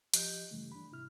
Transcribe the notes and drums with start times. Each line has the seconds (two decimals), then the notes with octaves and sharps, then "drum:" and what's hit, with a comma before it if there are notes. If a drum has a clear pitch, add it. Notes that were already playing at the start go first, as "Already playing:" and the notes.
0.14 F3 G4 D#5 F#6 G6, drum: hi-hat
0.51 G2 C#3 E3 G3 A3
0.72 D4 B5
0.91 G#2 C3 E4 F6